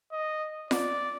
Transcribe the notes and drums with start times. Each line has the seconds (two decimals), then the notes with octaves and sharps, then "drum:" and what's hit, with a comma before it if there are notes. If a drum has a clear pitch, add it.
0.12 D#5
0.71 D5, drum: snare F4